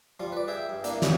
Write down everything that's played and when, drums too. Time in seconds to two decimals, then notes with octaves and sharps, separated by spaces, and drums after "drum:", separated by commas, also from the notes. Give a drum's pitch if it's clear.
0.20 F3 G3 F4
0.32 B4 D5
0.48 G#4 E5 G5
0.69 G2
0.84 A#3 D4 E4, drum: hi-hat
1.02 C3 B3 C#4 E4 D#6, drum: snare